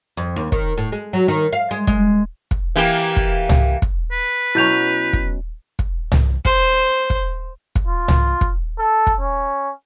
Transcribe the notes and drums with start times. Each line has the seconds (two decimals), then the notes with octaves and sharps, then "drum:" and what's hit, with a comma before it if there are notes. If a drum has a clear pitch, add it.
0.17 F2
0.36 D#2
0.52 D#3, drum: kick
0.78 A2
0.92 G#3
1.13 F#3
1.28 D#3
1.53 F5
1.71 G#3
1.87 G#3, drum: kick
2.51 drum: kick
2.76 E3 A#3 G4
3.17 drum: kick
3.49 drum: tom C2
3.82 drum: kick
4.12 B4
4.55 B2 F#3 C#4 E4 G6 F7
5.13 drum: kick
5.79 drum: kick
6.12 drum: tom C2
6.45 C5, drum: kick
7.10 drum: kick
7.75 drum: kick
7.88 F4
8.08 drum: tom C2
8.41 drum: kick
8.79 A4
9.07 drum: kick
9.21 C#4